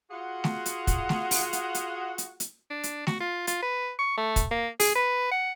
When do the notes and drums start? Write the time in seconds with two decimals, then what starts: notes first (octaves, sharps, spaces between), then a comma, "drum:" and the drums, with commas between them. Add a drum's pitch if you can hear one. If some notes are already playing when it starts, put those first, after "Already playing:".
0.11 F4 F#4 G#4 F#5
0.44 drum: snare A3
0.66 drum: hi-hat
0.87 drum: kick, hi-hat
1.09 drum: snare A3
1.31 drum: open hi-hat
1.53 drum: hi-hat
1.75 drum: hi-hat
2.18 drum: hi-hat
2.40 drum: hi-hat
2.70 D4
2.83 drum: hi-hat
3.07 F#4, drum: snare A3
3.20 F4
3.47 F4, drum: hi-hat
3.62 B4
3.99 C#6
4.17 A3
4.36 drum: kick, hi-hat
4.51 A#3
4.80 G#4, drum: open hi-hat
4.95 B4
5.31 F#5